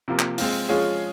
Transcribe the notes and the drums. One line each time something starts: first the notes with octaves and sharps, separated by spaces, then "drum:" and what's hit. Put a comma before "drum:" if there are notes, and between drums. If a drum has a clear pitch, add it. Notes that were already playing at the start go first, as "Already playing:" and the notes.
C3 F3 A#3
drum: clap
G#3 C4 F4, drum: open hi-hat
F3 G#3 C#4 F4 G#4